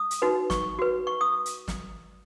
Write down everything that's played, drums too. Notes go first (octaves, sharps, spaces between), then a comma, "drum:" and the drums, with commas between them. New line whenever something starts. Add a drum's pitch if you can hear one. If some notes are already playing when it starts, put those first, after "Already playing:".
Already playing: D#6
drum: hi-hat
D#4 F#4 B4
C#6, drum: snare
F#4 B4
C#6
D#6
drum: hi-hat
drum: snare